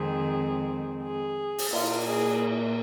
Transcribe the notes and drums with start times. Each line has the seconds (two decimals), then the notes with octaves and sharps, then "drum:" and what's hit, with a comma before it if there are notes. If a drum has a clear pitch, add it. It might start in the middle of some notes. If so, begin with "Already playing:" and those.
Already playing: F2 D#3 G#3 C4 G#4
1.04 G#4
1.58 drum: open hi-hat
1.73 A#2 A#3 F4, drum: cymbal
2.07 G#4